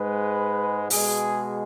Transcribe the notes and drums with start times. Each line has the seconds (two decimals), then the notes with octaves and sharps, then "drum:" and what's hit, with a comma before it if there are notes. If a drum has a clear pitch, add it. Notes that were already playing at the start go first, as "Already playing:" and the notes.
Already playing: G#2 G#3 B4
0.90 B2 G#3 G#4, drum: open hi-hat